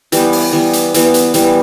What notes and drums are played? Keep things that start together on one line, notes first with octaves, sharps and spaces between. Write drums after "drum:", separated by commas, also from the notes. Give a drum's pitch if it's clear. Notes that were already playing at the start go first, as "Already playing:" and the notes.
E3 G3 B3 G4 B4, drum: hi-hat
drum: open hi-hat
E3 G3 B3
drum: hi-hat
E3 G3 B3, drum: hi-hat
drum: hi-hat
E3 G3 B3, drum: hi-hat